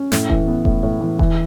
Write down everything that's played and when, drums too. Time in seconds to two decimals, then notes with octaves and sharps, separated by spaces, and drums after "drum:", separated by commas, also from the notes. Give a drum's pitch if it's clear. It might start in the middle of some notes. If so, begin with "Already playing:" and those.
Already playing: C#4
0.12 A2, drum: snare
0.30 E3, drum: kick E1
0.47 B3
0.65 A2, drum: kick E1
0.83 A2
1.01 E3
1.19 E3, drum: kick E1